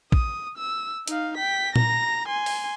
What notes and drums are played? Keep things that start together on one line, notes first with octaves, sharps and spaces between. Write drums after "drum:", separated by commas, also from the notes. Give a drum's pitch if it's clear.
D#6, drum: kick
E6
D#4 F5, drum: hi-hat
G5 B6
A#5 A#6, drum: tom A#2
G#5 C6
drum: open hi-hat